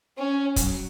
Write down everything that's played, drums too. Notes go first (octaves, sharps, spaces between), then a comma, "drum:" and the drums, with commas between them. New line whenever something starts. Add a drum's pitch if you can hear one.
C#4
F#3, drum: kick, hi-hat